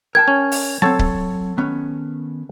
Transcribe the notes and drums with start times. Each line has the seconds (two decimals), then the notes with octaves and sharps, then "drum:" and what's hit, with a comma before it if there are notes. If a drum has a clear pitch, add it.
0.15 A#4 G5 A5 G#6
0.28 C#4
0.52 drum: open hi-hat
0.82 F#3 C4 A4 C#5 A5
0.99 drum: kick C#1
1.57 D#3 B3 C#4